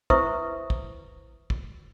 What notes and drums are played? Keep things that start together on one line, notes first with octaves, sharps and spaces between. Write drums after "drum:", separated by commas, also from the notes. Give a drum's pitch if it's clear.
E4 B4 C5 E5 C#6 D#6, drum: kick
drum: kick
drum: kick